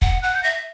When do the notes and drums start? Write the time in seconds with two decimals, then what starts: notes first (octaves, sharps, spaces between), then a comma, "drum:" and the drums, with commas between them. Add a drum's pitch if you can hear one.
0.02 F#5, drum: kick
0.22 F#5 F#6
0.34 G6
0.43 E5 A#6